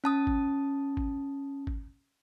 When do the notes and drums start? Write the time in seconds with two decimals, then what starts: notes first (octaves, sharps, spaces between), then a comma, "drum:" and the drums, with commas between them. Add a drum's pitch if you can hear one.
0.04 C#4 A5 D#6
0.27 drum: kick G#1
0.97 drum: kick G#1
1.67 drum: kick G#1